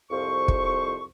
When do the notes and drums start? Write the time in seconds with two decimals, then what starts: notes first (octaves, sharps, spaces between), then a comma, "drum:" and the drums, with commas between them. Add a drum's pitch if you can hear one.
0.11 C2 F2 F3 C5 C#6
0.48 drum: kick